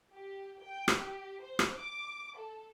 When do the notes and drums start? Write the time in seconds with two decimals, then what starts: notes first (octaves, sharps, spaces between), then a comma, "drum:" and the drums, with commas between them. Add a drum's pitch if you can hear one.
0.12 G4
0.61 G5
0.88 drum: rim click
0.98 G4
1.41 C5
1.59 drum: rim click
1.77 D6
2.36 A4